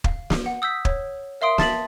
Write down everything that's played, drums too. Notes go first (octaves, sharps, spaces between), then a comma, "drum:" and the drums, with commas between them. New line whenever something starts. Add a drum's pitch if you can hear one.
F5, drum: kick
drum: snare
F#5
D#6 E6 G6 B6
C#5, drum: kick
A#4 E5 F5 C6 D#6 D7
A5 A6 B6 F#7, drum: snare